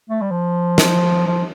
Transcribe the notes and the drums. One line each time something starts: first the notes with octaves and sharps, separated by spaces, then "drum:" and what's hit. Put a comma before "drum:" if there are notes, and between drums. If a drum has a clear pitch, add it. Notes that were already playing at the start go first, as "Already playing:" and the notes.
A3
G3
F3
drum: snare
F3